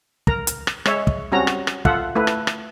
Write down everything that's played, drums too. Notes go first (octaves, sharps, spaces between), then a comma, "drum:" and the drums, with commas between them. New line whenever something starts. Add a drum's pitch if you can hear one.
A#4 A#5, drum: kick
drum: hi-hat
drum: rim click
G#3 C#5 E5, drum: rim click
drum: kick
G3 C4 C#4 F#4 A#5
drum: rim click
drum: rim click
F4 A4 E5 F#5, drum: kick
A3 E4 B4
drum: rim click
drum: rim click